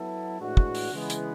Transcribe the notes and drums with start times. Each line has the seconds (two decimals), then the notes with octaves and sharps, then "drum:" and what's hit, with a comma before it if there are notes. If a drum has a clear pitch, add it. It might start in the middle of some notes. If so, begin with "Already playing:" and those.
Already playing: F#3 B3 E4 A4
0.40 A2 E3 G#3 D4 F#4
0.57 drum: kick
0.75 drum: open hi-hat
0.93 C#3 E3 G#3 B3
1.10 drum: hi-hat